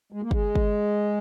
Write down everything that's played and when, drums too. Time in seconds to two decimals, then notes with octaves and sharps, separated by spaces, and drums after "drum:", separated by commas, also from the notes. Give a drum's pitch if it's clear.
0.12 G#3
0.22 A#3
0.31 G#3, drum: kick G1
0.55 drum: kick G1